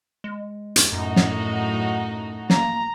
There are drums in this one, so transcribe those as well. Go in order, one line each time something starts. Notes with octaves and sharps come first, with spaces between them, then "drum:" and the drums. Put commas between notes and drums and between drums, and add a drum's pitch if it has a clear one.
G#3
drum: hi-hat
F#2 A2 F#3 D#4 F#4
drum: snare
A#3 A#5, drum: snare